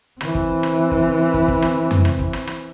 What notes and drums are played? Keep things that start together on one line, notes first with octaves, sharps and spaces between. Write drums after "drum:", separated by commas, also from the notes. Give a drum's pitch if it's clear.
E3 C4, drum: rim click
drum: kick
drum: rim click
drum: kick
drum: kick
drum: kick
drum: rim click
drum: tom F2
drum: rim click
drum: kick
drum: rim click
drum: rim click